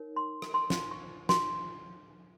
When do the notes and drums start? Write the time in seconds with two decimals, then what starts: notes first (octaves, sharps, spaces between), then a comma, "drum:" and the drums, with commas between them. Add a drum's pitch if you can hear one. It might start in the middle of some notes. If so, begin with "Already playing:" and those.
Already playing: D#4 A#4 C#5
0.16 C6
0.42 drum: rim click
0.54 C6
0.70 drum: snare
0.91 C#6
1.29 C6, drum: snare